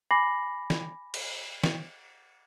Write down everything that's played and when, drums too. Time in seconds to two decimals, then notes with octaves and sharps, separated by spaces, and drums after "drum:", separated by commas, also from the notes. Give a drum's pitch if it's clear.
0.11 G#5 B5 D6 A#6 C7 F#7
0.70 drum: snare
1.14 drum: cymbal
1.64 drum: snare